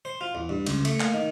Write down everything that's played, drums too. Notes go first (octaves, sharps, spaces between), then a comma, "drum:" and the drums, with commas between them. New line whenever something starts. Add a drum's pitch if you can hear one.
C5
F4
E2
G2
C#2, drum: cymbal
A3, drum: cymbal
A#3, drum: clap
D#3